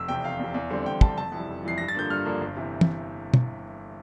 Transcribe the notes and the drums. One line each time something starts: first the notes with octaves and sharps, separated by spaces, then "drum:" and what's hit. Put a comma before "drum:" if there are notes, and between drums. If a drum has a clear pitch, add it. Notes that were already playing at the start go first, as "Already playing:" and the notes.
Already playing: F1 E6
E2 C3 G5
F1 F5
E2 C3
E2
D3 G3 C4
E2 G5
D3 G3 C4 A5, drum: kick
F1 A5
F2 E3 G3
F1
F2 E3 G3 C7
G2 A#6
A6
D3 F3 A#3 D4 G6
G2 F6
D3 F3 A#3 D4
G1
C3 E3
drum: tom
drum: tom B2